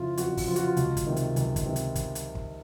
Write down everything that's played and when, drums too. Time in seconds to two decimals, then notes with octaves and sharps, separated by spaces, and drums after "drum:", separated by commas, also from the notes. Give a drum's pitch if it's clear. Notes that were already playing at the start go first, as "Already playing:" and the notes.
Already playing: F2 C#3 F3 E4 F4
0.18 F2 F#4, drum: hi-hat
0.37 drum: kick, open hi-hat
0.47 C#3 F3 F4
0.56 F#4, drum: hi-hat
0.64 F4
0.77 C#2, drum: hi-hat
0.97 drum: kick, hi-hat
1.07 C3 D#3
1.16 drum: hi-hat
1.36 C#2, drum: hi-hat
1.56 drum: kick, hi-hat
1.66 C3 D#3
1.76 drum: hi-hat
1.96 drum: kick, hi-hat
2.15 drum: hi-hat
2.35 drum: kick